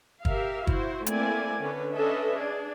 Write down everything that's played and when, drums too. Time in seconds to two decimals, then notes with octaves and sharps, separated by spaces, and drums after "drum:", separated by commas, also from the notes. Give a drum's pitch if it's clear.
0.25 G4 A#4 E5 F5, drum: kick
0.67 E4 F#4 C5, drum: kick
1.06 A3 A#3 C4 E4 D5 G#5, drum: hi-hat
1.62 D3 C#4 D4 B4
1.93 C#4 D4 A4 B4 D#5 E5
2.35 D4 G#4